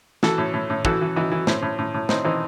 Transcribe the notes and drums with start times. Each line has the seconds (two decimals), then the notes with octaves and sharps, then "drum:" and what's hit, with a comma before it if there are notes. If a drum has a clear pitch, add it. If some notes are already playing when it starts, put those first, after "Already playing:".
0.23 E3 F#4 A4, drum: snare
0.38 A2
0.54 A2
0.70 A2
0.85 E3 F#4 A4, drum: kick
1.01 E3
1.16 E3 D#4 F#4
1.31 E3
1.47 A2 C4, drum: snare
1.62 A2
1.78 A2
1.94 A2
2.09 A2 C4 D#4, drum: snare
2.24 E3 C4 D#4